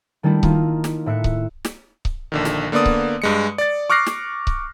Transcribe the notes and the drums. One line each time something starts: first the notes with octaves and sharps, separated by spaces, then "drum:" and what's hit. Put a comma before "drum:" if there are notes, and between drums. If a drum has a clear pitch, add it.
D#3 G3 A3 D4 E4
D#3 A#3 D#4 F4, drum: kick C#1
drum: snare
A2 E5 F#6 C#7
drum: kick C#1
drum: snare
drum: kick C#1
A#1 D3 D#3
drum: snare
D3 A#3 B3 D5 D#6
drum: kick C#1
G2 G#3 C#7
D5 A6
C#6 D6 F6 F#6 A#6 C7
drum: snare
drum: kick C#1